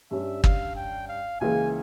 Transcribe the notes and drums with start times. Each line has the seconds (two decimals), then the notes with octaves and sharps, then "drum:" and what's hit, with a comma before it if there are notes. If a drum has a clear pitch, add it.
0.11 G2 G3 C#4 E5
0.44 F5, drum: kick
0.76 G5
1.08 F5
1.40 C#2 C#3 E3 A#3 G#5